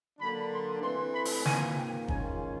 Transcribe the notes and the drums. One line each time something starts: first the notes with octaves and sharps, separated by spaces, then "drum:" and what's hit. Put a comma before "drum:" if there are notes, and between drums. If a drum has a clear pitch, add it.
D3 F#3 A#3 D4 B5
C6
E3 A3 C4 C6
B5
drum: open hi-hat
G#2 F3 A#3 G#5, drum: snare
G5
D#3 G#3 C#4 F4 G#5, drum: kick